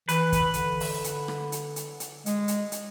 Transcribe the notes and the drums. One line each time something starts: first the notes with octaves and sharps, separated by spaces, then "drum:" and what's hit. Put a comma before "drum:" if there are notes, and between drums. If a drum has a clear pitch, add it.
E3 B4, drum: hi-hat
drum: kick, hi-hat
D3, drum: hi-hat
drum: open hi-hat
drum: hi-hat
drum: rim click
drum: hi-hat
drum: hi-hat
drum: hi-hat
G#3, drum: hi-hat
drum: hi-hat
drum: hi-hat